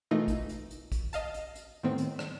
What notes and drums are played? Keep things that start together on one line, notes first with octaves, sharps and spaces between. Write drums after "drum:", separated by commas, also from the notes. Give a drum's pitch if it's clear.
B2 E3 A3 D#4 F4 A#4
drum: kick, hi-hat
drum: hi-hat
drum: hi-hat
drum: kick, hi-hat
D#5 F5 A5, drum: hi-hat
drum: hi-hat
drum: hi-hat
A2 D#3 B3 C4
drum: hi-hat
drum: rim click